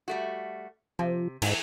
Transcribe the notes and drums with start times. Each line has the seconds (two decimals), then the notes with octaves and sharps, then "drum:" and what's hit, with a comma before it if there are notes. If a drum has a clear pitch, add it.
0.08 G3 A3 F#4
0.99 C3 F3
1.42 G#2 E3, drum: cymbal